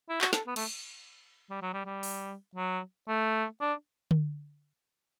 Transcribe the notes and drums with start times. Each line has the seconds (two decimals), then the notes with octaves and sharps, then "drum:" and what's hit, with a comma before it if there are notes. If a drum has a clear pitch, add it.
0.09 E4
0.21 F#4, drum: clap
0.33 A4, drum: snare
0.47 B3
0.56 A3, drum: cymbal
1.50 G3
1.62 F#3
1.74 G3
1.85 G3
2.03 drum: open hi-hat
2.56 F#3
3.08 A3
3.61 D4
4.11 drum: tom D3